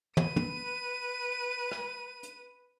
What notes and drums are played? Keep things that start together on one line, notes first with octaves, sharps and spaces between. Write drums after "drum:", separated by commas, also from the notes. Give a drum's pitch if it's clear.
B4 D#7, drum: tom
drum: tom
drum: rim click
drum: hi-hat